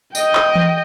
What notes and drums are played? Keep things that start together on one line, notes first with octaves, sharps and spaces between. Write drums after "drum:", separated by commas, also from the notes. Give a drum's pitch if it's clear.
D#5 G5, drum: tambourine
drum: clap
drum: tom E3